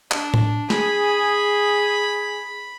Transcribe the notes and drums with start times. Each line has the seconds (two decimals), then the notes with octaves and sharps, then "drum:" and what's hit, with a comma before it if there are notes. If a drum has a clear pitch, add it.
0.11 D4, drum: clap
0.34 drum: tom A2
0.70 G#4 B5, drum: snare